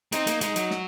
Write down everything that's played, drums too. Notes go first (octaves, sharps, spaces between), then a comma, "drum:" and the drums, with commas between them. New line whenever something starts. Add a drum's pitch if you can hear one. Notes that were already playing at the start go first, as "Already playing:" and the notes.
C4 D#4, drum: hi-hat
A#3, drum: hi-hat
G#3 D#4, drum: hi-hat
F#3, drum: hi-hat
drum: snare